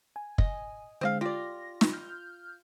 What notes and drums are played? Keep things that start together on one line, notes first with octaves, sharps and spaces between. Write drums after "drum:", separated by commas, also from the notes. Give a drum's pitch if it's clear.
G#5
D#5, drum: kick
D3 G#3 C4 D#5 F5
F4 G4 D5 A#6
drum: snare
F6 G6